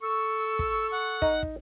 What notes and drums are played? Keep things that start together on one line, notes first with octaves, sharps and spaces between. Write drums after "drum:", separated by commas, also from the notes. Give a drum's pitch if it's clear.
A4 C#6 E6
drum: kick
F#5
D#4, drum: kick
drum: kick